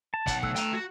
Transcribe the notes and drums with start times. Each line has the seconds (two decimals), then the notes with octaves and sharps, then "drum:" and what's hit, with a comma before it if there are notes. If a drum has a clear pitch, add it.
0.14 A5
0.27 B1 F#5, drum: kick, hi-hat
0.43 A3 E6 F#6, drum: kick
0.56 G5 A#5, drum: hi-hat
0.73 F#4